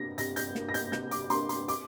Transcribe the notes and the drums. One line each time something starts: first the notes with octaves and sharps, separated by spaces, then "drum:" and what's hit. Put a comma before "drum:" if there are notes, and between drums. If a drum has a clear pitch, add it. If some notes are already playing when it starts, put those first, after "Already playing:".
Already playing: C3 A#3 D4 A#6
C3 A#6, drum: hi-hat
G6, drum: hi-hat
A#3 D4, drum: snare
A#6
G6, drum: hi-hat
C3 G6, drum: snare
D6, drum: hi-hat
A#3 D4 C6, drum: hi-hat
C6, drum: hi-hat
D6, drum: hi-hat